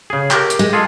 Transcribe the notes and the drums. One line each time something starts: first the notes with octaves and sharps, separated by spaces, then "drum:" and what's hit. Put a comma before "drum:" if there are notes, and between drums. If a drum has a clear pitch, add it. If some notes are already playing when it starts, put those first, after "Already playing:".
C#3 G#4
G4 A#4, drum: clap
drum: hi-hat
G#3
F4 G#4 A4